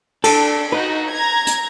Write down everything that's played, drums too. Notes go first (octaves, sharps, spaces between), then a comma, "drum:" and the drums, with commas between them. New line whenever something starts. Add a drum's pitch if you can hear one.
D4 A4, drum: cymbal
D#4 F#4 B4
A#5 G#6
drum: hi-hat